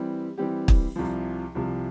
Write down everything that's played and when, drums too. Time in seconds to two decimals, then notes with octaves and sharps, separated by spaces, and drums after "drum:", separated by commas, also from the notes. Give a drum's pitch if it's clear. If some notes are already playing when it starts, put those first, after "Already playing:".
Already playing: E3 G3 C4 G4
0.38 E3 G3 C4 G4
0.68 drum: kick
0.96 C2 C3 F3
1.55 C2 C3 F3